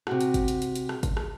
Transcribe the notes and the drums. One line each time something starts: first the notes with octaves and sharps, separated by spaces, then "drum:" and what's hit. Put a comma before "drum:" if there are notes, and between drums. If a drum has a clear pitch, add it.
C3 F#4, drum: rim click
drum: hi-hat
drum: kick, hi-hat
drum: hi-hat
drum: hi-hat
drum: hi-hat
drum: rim click
drum: kick, hi-hat
drum: rim click